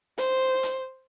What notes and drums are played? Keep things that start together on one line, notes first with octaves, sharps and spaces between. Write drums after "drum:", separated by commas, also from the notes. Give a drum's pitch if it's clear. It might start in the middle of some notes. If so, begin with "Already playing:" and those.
C5, drum: hi-hat
drum: hi-hat